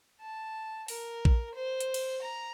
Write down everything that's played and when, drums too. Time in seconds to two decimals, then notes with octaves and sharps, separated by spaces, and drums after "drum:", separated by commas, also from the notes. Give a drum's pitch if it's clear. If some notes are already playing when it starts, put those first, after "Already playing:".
0.21 A5
0.88 A#4, drum: open hi-hat
1.25 drum: kick A#1
1.55 C5
1.81 drum: hi-hat
1.94 drum: cymbal
2.22 A#5